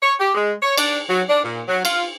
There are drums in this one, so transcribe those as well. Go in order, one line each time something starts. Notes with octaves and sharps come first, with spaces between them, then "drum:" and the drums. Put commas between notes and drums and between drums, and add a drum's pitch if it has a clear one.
C#5
G4
G#3
C#5
D4, drum: cymbal
F#3
D4
A#2
F#3
F4, drum: cymbal